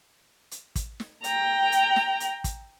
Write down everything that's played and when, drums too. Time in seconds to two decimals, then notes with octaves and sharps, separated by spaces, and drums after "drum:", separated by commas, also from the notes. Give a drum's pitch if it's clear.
0.51 drum: hi-hat
0.76 drum: kick, hi-hat
1.00 drum: snare
1.24 G5 A#5, drum: hi-hat
1.72 drum: hi-hat
1.96 drum: snare
2.20 drum: hi-hat
2.44 drum: kick, hi-hat